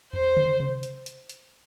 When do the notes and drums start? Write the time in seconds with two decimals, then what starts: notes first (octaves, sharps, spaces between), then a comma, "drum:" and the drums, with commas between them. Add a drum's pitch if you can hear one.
0.13 C5, drum: tom E2
0.37 drum: tom C#3
0.60 drum: tom C3
0.83 drum: hi-hat
1.06 drum: hi-hat
1.29 drum: hi-hat